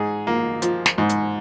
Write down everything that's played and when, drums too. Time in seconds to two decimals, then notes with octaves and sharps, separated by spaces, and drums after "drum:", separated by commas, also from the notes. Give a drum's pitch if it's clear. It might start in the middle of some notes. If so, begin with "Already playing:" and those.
Already playing: G#2 G#4
0.27 A#3
0.62 F3, drum: hi-hat
0.86 drum: snare
0.98 G#2
1.09 drum: hi-hat